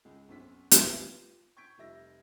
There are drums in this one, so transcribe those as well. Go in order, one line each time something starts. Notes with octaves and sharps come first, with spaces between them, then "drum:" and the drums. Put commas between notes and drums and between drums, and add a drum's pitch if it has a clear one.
C#2 G#3
B1 F#2 C4 B6
drum: hi-hat
F4 G4 B4 F5 D#7 G7
C#6 G6 G#6 B6 D7
F1 G3 E5 A#6